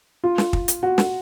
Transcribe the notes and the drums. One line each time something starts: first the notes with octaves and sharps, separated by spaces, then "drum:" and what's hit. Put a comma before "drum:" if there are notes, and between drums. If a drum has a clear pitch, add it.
F4
drum: snare
drum: kick
drum: hi-hat
F#4
drum: snare